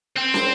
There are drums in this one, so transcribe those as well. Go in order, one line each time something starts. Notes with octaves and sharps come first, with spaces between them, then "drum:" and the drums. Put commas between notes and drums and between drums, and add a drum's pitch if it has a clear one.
C4
drum: snare